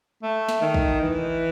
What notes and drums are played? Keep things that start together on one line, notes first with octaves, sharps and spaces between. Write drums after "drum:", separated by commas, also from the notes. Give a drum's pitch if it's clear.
A3
drum: snare
D#3
drum: kick
E3